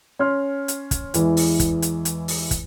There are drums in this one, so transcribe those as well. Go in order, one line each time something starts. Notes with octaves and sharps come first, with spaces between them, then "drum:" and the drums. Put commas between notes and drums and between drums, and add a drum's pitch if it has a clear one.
C#4 C6 F6
drum: hi-hat
drum: kick, hi-hat
E2 E3 G#3, drum: hi-hat
drum: open hi-hat
drum: kick, hi-hat
drum: hi-hat
drum: hi-hat
drum: open hi-hat
drum: kick, hi-hat